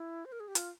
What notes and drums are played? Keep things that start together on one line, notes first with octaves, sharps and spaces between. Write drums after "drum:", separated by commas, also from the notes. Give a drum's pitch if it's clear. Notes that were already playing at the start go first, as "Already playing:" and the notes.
Already playing: E4
C5
A#4
G#4
G4
F4, drum: hi-hat